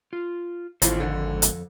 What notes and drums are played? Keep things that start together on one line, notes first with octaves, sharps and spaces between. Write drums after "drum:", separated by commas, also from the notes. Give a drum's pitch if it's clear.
F4
G#1 D#2 A2 E3 F4 A4 C5, drum: hi-hat
F2 D3 D#3 A4
drum: hi-hat